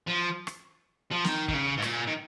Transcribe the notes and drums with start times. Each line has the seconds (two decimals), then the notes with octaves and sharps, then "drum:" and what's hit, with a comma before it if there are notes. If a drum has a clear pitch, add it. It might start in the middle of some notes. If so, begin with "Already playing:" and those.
0.07 F3
0.47 drum: rim click
1.11 F3
1.25 D#3, drum: snare
1.48 D#3, drum: kick
1.53 C#3
1.77 G#2
1.82 A#2, drum: rim click
2.07 D#3